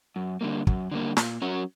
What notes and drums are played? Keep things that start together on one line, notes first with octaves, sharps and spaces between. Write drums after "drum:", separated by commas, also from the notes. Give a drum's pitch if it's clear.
F#2
D3 G3 A#3
F#2, drum: kick
D3 G3 A#3
A#2, drum: snare
F#3 C#4 F#4 A#4